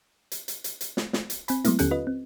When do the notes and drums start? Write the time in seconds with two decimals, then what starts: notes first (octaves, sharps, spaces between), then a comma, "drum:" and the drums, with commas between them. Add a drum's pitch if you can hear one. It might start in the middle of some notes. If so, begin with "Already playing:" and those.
0.32 drum: hi-hat
0.48 drum: hi-hat
0.64 drum: hi-hat
0.81 drum: hi-hat
0.97 drum: snare
1.13 drum: snare
1.30 drum: hi-hat
1.48 C4 G#5 B5, drum: hi-hat
1.65 F#3 G#3 A3 B3 E4, drum: hi-hat
1.79 D#2 D3 C#4 G4 A4 F#6, drum: hi-hat
1.91 F4 B4 D#5
2.07 C4